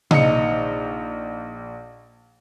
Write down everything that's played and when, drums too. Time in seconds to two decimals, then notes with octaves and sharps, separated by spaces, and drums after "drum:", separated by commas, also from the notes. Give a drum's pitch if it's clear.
0.11 A#1 D#4 C#7, drum: tom C3